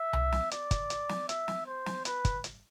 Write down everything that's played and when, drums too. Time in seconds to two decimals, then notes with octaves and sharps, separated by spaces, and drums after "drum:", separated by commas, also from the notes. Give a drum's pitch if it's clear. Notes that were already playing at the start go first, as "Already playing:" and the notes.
Already playing: E5
0.13 drum: tom C2
0.32 drum: snare
0.51 D5, drum: hi-hat
0.71 drum: kick, hi-hat
0.90 drum: hi-hat
1.09 drum: snare
1.29 E5, drum: hi-hat
1.48 drum: snare
1.66 C5
1.86 drum: snare
2.05 B4, drum: hi-hat
2.25 drum: kick, hi-hat
2.44 drum: hi-hat